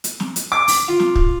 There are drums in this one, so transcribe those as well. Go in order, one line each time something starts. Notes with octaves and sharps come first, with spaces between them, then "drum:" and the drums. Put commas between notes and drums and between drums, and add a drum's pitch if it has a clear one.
drum: hi-hat
drum: snare
drum: hi-hat
D6
drum: open hi-hat
F4
drum: snare
drum: kick